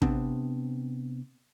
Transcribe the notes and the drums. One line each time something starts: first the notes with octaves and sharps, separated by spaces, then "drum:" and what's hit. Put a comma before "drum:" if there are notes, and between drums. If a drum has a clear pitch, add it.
C3 B3 C4 D4, drum: kick